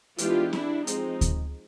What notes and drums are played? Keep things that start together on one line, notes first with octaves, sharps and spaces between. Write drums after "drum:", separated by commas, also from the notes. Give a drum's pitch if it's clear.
E3 G#3 B3 D4 F4 G4, drum: hi-hat
D4 E4, drum: snare C4
F3 G#3 C4 D#4, drum: hi-hat
drum: kick D2, hi-hat